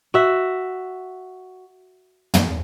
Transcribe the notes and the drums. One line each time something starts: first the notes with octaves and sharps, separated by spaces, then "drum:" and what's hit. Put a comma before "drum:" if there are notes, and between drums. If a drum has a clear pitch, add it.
F#4 E5
drum: tom